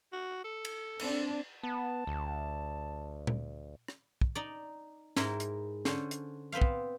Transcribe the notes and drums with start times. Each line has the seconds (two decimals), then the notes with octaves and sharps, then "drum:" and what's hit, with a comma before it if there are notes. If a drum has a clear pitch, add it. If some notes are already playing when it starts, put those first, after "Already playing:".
0.12 F#4
0.44 A4
0.65 drum: cymbal
0.99 C4 D4, drum: cymbal
1.63 B3 A5
2.07 D2
3.27 drum: tom A#2
3.88 drum: rim click
4.21 drum: kick
4.35 D#4 D5
5.16 G#2 G#3 E4 A#4 G5, drum: snare
5.40 drum: hi-hat
5.85 D3 C#4 C5, drum: snare
6.11 drum: hi-hat
6.52 B3 C4 B4 C5 F5
6.62 drum: kick